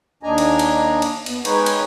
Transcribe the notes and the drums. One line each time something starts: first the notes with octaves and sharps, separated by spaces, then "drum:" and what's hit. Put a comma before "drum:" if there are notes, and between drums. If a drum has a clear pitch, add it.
D#2 D4 D#5 G#5 A#5
drum: cymbal
drum: cymbal
drum: cymbal
B3, drum: cymbal
G#3 D#4 B4 C#5 G5 G#5, drum: cymbal
drum: cymbal